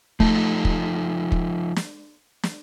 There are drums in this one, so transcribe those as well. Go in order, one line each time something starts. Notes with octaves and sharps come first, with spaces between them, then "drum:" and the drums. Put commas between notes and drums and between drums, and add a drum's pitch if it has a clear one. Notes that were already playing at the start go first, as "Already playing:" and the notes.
F3 A3 D#4 A4, drum: kick
drum: kick
drum: kick
drum: snare
drum: snare